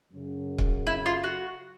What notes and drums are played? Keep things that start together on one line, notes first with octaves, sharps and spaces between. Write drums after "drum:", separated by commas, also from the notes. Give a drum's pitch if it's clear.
F#2 C#3 F#3
drum: kick C#1
E4
F4
F#4